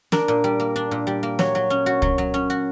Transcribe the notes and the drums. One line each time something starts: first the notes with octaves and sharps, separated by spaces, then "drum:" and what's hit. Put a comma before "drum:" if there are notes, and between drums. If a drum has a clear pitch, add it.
D4 A#4, drum: snare
A#2
G3
A#3
D4
A#2
G3
A#3
F#3 C#5, drum: snare
F#3
C#4
F#4
F#3, drum: kick
F#3
C#4
F#4